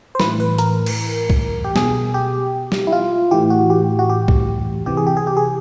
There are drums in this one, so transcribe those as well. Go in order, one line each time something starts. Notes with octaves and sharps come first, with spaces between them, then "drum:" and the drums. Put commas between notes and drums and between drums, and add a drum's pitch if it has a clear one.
C5
A2 E3 B4, drum: snare
B4
A#4, drum: hi-hat
drum: cymbal
drum: kick C2
G4
B2 G#4, drum: snare
G4
drum: snare
E4
F4
A2 E3 G4
F#4
G4
F#4
G4
drum: kick C2
C3 E3 G4
G#4
G4
G#4
G4
G#4